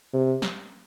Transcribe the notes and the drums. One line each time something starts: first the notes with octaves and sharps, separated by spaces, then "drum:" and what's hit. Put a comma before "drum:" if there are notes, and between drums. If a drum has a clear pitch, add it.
C3
drum: snare